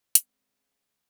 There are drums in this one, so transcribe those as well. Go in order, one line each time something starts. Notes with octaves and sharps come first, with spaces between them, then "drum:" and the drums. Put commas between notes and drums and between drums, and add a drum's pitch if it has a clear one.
C#3 G#3 C4, drum: hi-hat